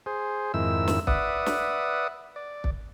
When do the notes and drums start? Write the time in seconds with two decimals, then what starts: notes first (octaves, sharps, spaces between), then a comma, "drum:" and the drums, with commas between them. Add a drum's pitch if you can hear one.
0.06 G#4 C5
0.54 F2 G#2 D#3 E4 E6
0.88 drum: snare
1.07 B4 D5 E5 F#5 D#6, drum: kick
1.46 drum: snare
2.36 D5
2.64 drum: kick